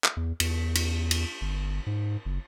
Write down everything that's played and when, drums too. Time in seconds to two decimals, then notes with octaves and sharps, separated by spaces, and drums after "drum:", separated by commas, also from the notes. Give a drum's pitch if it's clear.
0.04 drum: clap
0.17 E2
0.40 E2, drum: cymbal
0.75 drum: cymbal
1.11 drum: cymbal
1.41 G1
1.86 G#2
2.25 F#1